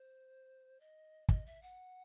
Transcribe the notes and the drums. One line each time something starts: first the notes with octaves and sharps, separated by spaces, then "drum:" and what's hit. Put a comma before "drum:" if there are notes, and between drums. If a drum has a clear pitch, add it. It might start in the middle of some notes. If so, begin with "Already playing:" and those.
Already playing: C5
D#5
D#5, drum: kick
E5
F#5